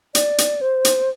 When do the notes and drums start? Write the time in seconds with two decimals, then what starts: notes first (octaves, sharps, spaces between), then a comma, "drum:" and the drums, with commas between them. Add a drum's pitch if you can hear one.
0.15 D5, drum: hi-hat
0.38 drum: hi-hat
0.61 C5
0.85 drum: hi-hat